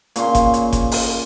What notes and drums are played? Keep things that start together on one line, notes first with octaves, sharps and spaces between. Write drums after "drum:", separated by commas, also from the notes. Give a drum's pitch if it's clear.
A#2 C#3 C6, drum: hi-hat
drum: kick G1, hi-hat
drum: hi-hat
drum: kick G1, hi-hat
drum: open hi-hat